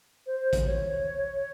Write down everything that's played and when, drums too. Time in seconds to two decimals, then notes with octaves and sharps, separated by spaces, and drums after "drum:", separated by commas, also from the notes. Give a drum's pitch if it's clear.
0.27 C5
0.53 drum: kick A1, hi-hat
0.65 C#5